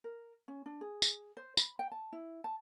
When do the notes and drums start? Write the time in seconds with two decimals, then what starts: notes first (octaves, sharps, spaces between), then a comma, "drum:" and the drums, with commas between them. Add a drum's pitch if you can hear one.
0.04 A#4
0.48 C#4
0.66 D4
0.81 G#4
1.02 drum: tambourine
1.37 C5
1.57 B5, drum: tambourine
1.79 G5
1.92 A5
2.13 E4
2.44 A5